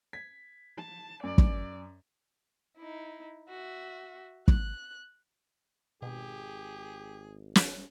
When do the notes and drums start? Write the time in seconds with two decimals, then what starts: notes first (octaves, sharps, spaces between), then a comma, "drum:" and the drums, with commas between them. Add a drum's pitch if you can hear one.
0.13 G#6 B6
0.78 A5
1.24 F#2 D5
1.38 drum: kick
2.77 D#4 E4
3.48 F#4 E5
4.48 F#6, drum: kick
6.02 G#1 B2 G4 G#4
7.55 drum: snare